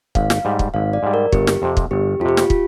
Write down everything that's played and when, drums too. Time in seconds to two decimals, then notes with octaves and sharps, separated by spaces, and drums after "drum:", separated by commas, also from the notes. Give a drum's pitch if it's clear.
0.15 G#1 F5, drum: kick
0.30 drum: snare
0.45 G#2 G3
0.59 drum: kick
0.74 G#1 F5
0.93 D5
1.03 G#2 G3
1.14 A#4
1.32 G1 G4, drum: kick
1.47 drum: snare
1.62 F2 C3
1.77 drum: kick
1.91 G1 G4
2.20 F2 F4
2.25 C3 G4
2.37 F4, drum: snare
2.50 F4, drum: kick